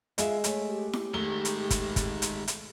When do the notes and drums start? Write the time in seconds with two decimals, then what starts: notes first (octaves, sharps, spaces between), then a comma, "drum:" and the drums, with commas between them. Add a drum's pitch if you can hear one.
0.18 G#3 F4 G#4 E5, drum: hi-hat
0.44 A3 C#5, drum: hi-hat
0.68 G4
0.93 drum: snare E4
1.14 D#3 G#3 A3 G7
1.45 drum: hi-hat
1.70 drum: kick, hi-hat
1.96 drum: kick, hi-hat
2.22 drum: hi-hat
2.48 drum: hi-hat